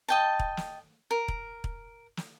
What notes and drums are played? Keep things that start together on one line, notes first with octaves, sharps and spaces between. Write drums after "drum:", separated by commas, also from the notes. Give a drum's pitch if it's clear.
D#5 G5 A5
drum: kick
drum: snare
A#4
drum: kick
drum: kick
drum: snare